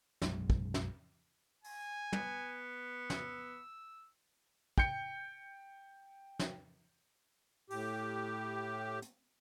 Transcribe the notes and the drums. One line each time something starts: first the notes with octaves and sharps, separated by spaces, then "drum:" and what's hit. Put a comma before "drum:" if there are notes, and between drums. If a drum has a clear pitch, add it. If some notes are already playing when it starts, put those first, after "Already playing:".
B1 F#2 G#3, drum: snare
drum: kick
drum: snare
G#5, drum: open hi-hat
B3, drum: tom
E6, drum: snare
G5 G6 C#7, drum: kick
drum: snare
A2 G4, drum: open hi-hat
drum: hi-hat